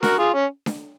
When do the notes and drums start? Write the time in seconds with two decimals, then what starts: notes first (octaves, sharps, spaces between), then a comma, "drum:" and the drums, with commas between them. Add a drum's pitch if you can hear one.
0.03 F#4 A#4, drum: snare D4
0.18 F4 G#4
0.34 C#4
0.66 drum: snare D4